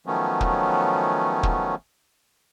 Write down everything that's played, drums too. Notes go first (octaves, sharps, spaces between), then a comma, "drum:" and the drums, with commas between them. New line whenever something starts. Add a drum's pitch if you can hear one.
D#3 F3 F#3 A3 B3 C#4
drum: kick
drum: kick